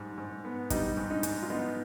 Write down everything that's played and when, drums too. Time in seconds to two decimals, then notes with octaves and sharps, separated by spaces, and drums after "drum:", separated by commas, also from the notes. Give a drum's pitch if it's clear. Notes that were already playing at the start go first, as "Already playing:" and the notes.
Already playing: G#2 G3
0.18 G#2
0.45 B3
0.70 G3 D#4, drum: kick, hi-hat
0.97 G#2
1.10 D#4
1.23 G#2, drum: hi-hat
1.42 F4
1.50 B3 D#4